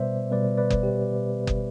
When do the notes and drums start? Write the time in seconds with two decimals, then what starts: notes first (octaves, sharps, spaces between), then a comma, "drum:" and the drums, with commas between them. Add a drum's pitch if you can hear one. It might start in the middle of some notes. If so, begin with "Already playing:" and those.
Already playing: B2 G3 B3 B4 C5 D5 E5
0.31 B2 G3 B3 B4 D5
0.57 B4 D5
0.70 drum: kick F#1
0.83 G4
1.47 drum: kick F#1